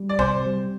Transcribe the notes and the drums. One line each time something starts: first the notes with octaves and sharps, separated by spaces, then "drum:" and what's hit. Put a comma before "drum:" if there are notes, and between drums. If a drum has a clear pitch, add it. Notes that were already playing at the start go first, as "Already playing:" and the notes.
Already playing: G3
D5
C3 C5, drum: kick
G3